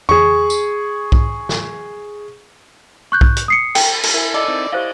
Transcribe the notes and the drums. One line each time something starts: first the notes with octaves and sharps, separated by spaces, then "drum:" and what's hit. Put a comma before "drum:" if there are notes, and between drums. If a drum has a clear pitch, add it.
G#4 C#6, drum: tom E2
drum: tambourine
drum: kick B1
drum: snare
C#6 F#6 G6
drum: kick B1
drum: hi-hat
D#6 C7 C#7
G5, drum: cymbal
drum: cymbal
E4 A#4 G#5
A4 D5 D#5 D6
C4 D#4 E4
E4 G4 C5 D5 D#5 F5